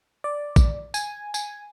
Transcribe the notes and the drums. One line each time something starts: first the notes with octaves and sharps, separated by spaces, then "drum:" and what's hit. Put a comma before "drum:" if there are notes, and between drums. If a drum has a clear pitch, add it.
D5
drum: kick A#1, tambourine
G#5, drum: tambourine
G#5, drum: tambourine